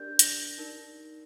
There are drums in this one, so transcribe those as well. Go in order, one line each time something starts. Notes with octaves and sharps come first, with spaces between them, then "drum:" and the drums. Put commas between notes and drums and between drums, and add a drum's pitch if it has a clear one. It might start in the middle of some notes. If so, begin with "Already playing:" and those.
Already playing: D4 G4 A#4 D5 G6
A#6, drum: hi-hat
D#4 A#4 D5